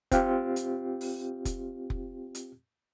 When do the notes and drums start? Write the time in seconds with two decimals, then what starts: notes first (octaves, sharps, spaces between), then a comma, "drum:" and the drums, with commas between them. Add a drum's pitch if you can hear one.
0.11 C4 F4 G4, drum: kick F1, hi-hat
0.56 drum: hi-hat
1.01 drum: open hi-hat
1.45 drum: kick F1, hi-hat
1.90 drum: kick F1
2.35 drum: hi-hat